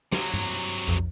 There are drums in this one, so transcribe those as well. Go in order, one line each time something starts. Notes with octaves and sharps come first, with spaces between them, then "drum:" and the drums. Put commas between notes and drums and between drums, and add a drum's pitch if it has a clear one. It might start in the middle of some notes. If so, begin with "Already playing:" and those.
C3 F#3, drum: snare
drum: tom G2
B1 F2